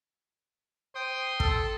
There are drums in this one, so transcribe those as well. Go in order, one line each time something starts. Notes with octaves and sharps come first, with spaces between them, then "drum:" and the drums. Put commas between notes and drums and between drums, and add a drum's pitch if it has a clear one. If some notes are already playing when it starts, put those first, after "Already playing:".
C5 G5 C6 D#6
A4, drum: kick